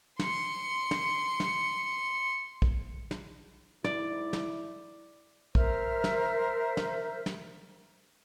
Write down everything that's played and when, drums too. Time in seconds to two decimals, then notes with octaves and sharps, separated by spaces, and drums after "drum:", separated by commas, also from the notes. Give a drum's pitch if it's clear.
0.19 C6 C#7, drum: snare
0.91 drum: snare
1.40 drum: snare
2.62 drum: kick
3.11 drum: snare
3.84 G#2 E4 D5, drum: snare
4.33 drum: snare
5.55 A#4 C5 E5 F6, drum: kick
6.04 drum: snare
6.77 drum: snare
7.26 drum: snare